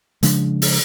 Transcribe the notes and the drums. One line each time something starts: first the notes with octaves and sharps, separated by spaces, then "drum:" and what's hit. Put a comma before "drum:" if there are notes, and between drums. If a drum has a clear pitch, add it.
C#3 F3 G#3 D4, drum: hi-hat
drum: open hi-hat